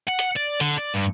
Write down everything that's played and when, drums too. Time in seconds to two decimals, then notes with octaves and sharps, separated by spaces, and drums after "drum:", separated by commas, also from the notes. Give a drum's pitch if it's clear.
0.07 F#5
0.19 drum: hi-hat
0.36 D5
0.60 D3, drum: hi-hat
0.78 D5
0.94 G2